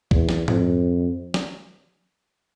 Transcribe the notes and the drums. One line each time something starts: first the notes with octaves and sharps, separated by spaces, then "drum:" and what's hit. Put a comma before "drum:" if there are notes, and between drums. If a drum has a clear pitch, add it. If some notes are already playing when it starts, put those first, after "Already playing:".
E2, drum: kick B1
drum: snare
F2, drum: tom G#2
drum: snare